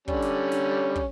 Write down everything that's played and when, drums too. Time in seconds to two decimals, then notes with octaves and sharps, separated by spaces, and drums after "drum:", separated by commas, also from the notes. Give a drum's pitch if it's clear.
0.08 D3 G3 C#4, drum: kick
0.22 drum: snare
0.52 drum: snare
0.96 drum: kick